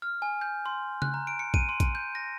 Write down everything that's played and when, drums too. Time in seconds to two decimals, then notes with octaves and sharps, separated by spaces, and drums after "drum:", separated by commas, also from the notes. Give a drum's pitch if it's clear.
0.02 F6
0.22 G#5
0.41 G6
0.66 C6
1.02 F#6, drum: tom C#3
1.14 A#5
1.27 D7
1.39 C#7
1.54 D#7, drum: kick A#1
1.69 C6
1.80 drum: kick A#1, hi-hat
1.95 G6
2.15 A#6